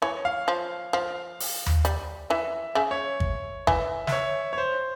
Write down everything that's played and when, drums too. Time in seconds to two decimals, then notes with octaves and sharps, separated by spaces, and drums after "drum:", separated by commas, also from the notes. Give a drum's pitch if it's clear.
0.02 E3 C#5
0.25 F5
0.48 F3
0.93 F3 F5
1.40 drum: open hi-hat
1.66 drum: tom D#2
1.85 G3, drum: hi-hat
2.30 E3 E5
2.75 C#3 E5
2.91 C#5
3.20 drum: kick
3.67 E3 E5, drum: kick
4.07 E5, drum: snare
4.12 C#5
4.53 C#5
4.58 C5